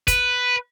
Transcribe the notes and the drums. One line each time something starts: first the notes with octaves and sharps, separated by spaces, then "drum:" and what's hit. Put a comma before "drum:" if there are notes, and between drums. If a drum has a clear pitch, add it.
B4, drum: kick, hi-hat